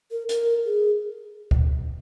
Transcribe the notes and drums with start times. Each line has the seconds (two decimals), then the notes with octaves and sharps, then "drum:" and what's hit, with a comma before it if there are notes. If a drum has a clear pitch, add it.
0.11 A#4
0.29 A#4, drum: hi-hat
0.65 G#4
1.51 drum: kick D2